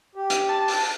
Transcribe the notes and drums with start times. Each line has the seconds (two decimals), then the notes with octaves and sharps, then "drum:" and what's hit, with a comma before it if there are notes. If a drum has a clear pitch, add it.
0.15 G4
0.30 drum: hi-hat
0.49 A5
0.68 drum: open hi-hat